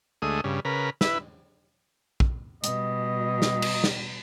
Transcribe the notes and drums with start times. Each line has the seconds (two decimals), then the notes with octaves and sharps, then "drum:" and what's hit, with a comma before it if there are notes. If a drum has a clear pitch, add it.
0.22 D2 G#3 A3 D#6
0.44 G2 C#3
0.65 C#3 A#4 B4
1.01 E4 B4, drum: snare
2.20 drum: kick
2.64 B2 G3 D#5, drum: hi-hat
3.42 drum: snare
3.62 drum: cymbal
3.84 drum: snare